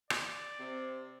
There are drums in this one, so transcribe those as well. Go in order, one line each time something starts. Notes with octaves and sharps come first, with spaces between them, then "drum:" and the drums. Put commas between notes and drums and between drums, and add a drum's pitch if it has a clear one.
D5, drum: rim click
C3 C4